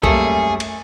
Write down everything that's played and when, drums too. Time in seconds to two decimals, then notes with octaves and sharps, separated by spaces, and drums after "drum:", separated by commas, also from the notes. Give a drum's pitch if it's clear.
0.03 F#2 G3 A3 A#3 G#4, drum: kick C2
0.60 drum: cymbal